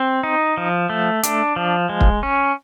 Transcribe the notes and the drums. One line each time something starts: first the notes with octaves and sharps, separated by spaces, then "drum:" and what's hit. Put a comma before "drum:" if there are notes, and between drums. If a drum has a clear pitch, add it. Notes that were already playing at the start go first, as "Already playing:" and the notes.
Already playing: C4
D#4
F3
A3
D4, drum: hi-hat
F3
G#3
drum: kick
C#4